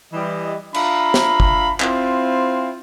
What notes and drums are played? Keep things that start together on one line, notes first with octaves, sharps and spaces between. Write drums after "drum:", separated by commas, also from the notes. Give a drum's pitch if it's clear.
E3 G3 D#5
D4 F4 E5 F5 A#5 B5, drum: cymbal
drum: snare
drum: kick
C4 E4 F4, drum: clap